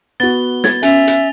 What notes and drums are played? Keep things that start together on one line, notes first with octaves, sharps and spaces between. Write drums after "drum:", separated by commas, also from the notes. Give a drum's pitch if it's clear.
B3 F#4 A6 G7
G#6 A6, drum: snare
C#4 E5 G#5 A6 F7, drum: hi-hat
drum: hi-hat